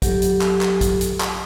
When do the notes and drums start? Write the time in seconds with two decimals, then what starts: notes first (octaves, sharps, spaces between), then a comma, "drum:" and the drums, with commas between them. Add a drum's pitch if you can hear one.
0.02 F#3 G4 A4, drum: kick A#1, hi-hat
0.22 drum: hi-hat
0.42 drum: clap
0.61 drum: clap
0.81 drum: kick A#1, hi-hat
1.01 drum: hi-hat
1.21 drum: clap